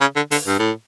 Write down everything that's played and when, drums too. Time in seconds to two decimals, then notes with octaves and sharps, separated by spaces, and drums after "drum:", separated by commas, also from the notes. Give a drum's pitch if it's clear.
0.01 C#3
0.16 D3
0.31 D3, drum: open hi-hat
0.47 G2
0.59 A2